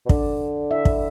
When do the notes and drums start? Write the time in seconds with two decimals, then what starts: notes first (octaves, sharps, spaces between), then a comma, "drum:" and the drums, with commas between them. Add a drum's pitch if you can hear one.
0.06 B2
0.09 D3 D4 D5, drum: kick
0.71 E4 E5
0.85 drum: kick